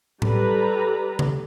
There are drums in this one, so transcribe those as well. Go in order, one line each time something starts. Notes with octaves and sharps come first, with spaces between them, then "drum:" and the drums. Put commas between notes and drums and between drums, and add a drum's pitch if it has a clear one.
G3 A4 B4 A#5, drum: tom A2
drum: tom C#3